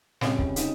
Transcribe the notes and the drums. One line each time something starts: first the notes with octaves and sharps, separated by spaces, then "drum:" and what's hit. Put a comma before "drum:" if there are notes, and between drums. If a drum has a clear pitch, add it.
C#2 C3 G3 C#4, drum: snare
drum: kick C#1
D#4, drum: hi-hat